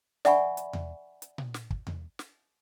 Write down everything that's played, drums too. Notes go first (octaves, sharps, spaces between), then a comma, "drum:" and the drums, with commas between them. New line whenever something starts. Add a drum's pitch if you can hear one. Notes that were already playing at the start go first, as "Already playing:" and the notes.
D5 E5 F#5 G#5 B5 C#6, drum: snare
drum: hi-hat
drum: tom E2
drum: hi-hat
drum: tom A#2
drum: snare
drum: kick
drum: tom E2
drum: snare